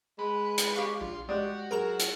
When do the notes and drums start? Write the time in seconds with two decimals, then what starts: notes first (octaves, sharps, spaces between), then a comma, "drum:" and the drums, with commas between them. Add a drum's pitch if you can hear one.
0.19 G#3 B4
0.58 drum: hi-hat
0.76 G4 F5 C#6
1.01 A#1 F4
1.29 G#3 F#4 G4 D5
1.71 F#3 G#4 A#4 A#5 E7
2.00 drum: hi-hat